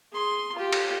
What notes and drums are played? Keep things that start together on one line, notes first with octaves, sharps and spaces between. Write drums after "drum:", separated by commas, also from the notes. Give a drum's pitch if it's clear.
G#4 C6
F4 G4
drum: cymbal